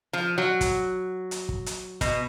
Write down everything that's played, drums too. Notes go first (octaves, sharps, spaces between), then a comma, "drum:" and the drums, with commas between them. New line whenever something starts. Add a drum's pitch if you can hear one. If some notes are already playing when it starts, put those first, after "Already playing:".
F3
F#3
drum: kick, hi-hat
drum: hi-hat
drum: kick
drum: hi-hat
B2, drum: kick, hi-hat